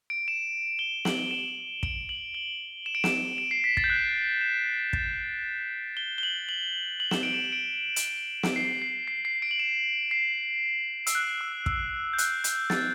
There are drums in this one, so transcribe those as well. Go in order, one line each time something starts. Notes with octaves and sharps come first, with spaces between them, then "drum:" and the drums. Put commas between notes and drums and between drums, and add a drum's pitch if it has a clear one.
D7
E7
G7
F#7, drum: snare
E7
D7, drum: kick
F#7
G7
E7
D7
E7, drum: snare
E7
C7
B6
A6, drum: kick
G6
F#6
E7
A6, drum: kick
G7
G7
F#7
F#7
F#7
E7, drum: snare
D7
E7
D7
drum: hi-hat
drum: snare
C7
C7
C7
C7
D7
F#7
E7
C7
E6, drum: hi-hat
F#6
E6
E6, drum: kick
G6
F#6, drum: hi-hat
G6, drum: hi-hat
A6, drum: snare